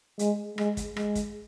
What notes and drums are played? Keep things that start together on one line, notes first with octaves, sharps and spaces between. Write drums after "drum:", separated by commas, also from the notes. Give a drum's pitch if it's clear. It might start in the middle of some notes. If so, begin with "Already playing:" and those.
G#3, drum: hi-hat
G#3, drum: rim click
drum: kick, hi-hat
G#3, drum: rim click
drum: kick, hi-hat